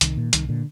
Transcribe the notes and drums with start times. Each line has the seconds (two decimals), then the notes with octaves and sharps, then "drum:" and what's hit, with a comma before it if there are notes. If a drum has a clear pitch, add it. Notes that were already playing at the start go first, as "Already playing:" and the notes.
0.01 C2 D#3, drum: hi-hat
0.17 A#2
0.33 C2 D#3, drum: hi-hat
0.48 A#2 D3